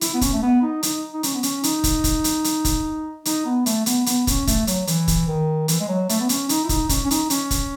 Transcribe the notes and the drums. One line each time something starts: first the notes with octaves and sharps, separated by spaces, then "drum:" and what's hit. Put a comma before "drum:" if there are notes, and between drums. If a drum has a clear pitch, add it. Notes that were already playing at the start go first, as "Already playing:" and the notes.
E4, drum: hi-hat
B3
C#4, drum: kick, hi-hat
A3
B3
D#4
D#4, drum: hi-hat
D#4
C#4, drum: hi-hat
B3
C#4, drum: hi-hat
D#4, drum: hi-hat
drum: kick, hi-hat
drum: kick, hi-hat
drum: hi-hat
drum: hi-hat
drum: kick, hi-hat
D#4, drum: hi-hat
B3
A3, drum: hi-hat
B3, drum: hi-hat
B3, drum: hi-hat
C#4, drum: kick, hi-hat
A3, drum: kick, hi-hat
F#3, drum: hi-hat
E3, drum: hi-hat
drum: kick, hi-hat
D#3
E3, drum: hi-hat
G#3
F#3
A3, drum: hi-hat
B3
C#4, drum: hi-hat
D#4, drum: hi-hat
E4
D#4, drum: kick, hi-hat
C#4, drum: kick, hi-hat
C#4
D#4, drum: hi-hat
C#4, drum: hi-hat
drum: kick, hi-hat